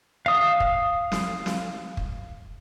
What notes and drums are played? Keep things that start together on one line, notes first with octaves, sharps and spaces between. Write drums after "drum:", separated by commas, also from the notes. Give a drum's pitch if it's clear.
F5 D#6
drum: kick
drum: snare
drum: snare
drum: kick